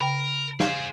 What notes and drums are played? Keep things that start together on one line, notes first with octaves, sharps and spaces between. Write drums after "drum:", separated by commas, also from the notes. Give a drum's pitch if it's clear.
C#3 A#4 G5 B5
G#4 C5 F5, drum: snare